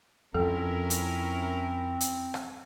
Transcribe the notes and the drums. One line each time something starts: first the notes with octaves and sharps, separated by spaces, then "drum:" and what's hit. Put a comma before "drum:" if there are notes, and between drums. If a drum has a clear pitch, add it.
F2 F3 C4 C#4 E4 A4 A#4
drum: hi-hat
drum: hi-hat
drum: rim click